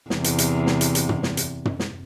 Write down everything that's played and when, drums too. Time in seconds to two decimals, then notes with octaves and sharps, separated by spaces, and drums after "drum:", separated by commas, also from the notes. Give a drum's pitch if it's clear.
0.10 E2 C3, drum: snare
0.24 drum: hi-hat
0.38 drum: hi-hat
0.67 drum: snare
0.81 drum: hi-hat
0.95 drum: hi-hat
1.09 drum: tom
1.23 drum: snare
1.37 drum: hi-hat
1.65 drum: tom
1.79 drum: snare